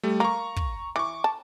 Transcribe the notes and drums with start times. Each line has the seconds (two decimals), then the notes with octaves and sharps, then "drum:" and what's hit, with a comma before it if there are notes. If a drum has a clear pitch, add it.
0.03 G3 A3
0.20 A#3 A#5 C#6
0.56 drum: kick
0.96 E3 C#6 D6
1.24 A5